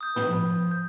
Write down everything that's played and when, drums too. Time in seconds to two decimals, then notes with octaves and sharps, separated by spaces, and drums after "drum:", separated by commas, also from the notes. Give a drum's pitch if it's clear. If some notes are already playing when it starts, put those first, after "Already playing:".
0.01 D#6 G6
0.16 B4, drum: tom
0.29 F3
0.71 G6